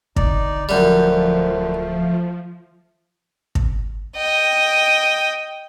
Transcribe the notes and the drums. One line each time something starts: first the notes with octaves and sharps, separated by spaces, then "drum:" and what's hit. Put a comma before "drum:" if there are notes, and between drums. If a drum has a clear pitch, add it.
D1 D3 D#4 D5, drum: kick
F#2 F3 G3 A3
drum: kick
D#5 G5